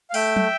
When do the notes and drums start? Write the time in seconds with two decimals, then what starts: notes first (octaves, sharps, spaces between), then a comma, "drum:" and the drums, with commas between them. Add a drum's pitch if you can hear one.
0.10 F5
0.14 A3 E5 G5, drum: open hi-hat
0.36 drum: tom